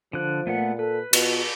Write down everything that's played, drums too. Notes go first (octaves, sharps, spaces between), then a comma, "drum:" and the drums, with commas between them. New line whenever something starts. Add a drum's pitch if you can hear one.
D3 F3 F#6
A#2 A3 B3 F#5
A4 B4
B2 F4, drum: cymbal